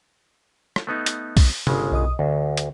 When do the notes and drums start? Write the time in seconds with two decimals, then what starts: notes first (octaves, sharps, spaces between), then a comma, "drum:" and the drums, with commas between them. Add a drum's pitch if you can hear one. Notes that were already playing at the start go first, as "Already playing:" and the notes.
0.76 drum: rim click
0.87 A3 B3 D#4
1.06 drum: hi-hat
1.37 drum: kick B1, open hi-hat
1.67 G1 C#3 G#3, drum: tom C3
1.92 B1 D#5 D#6
2.19 D2 D3
2.57 drum: hi-hat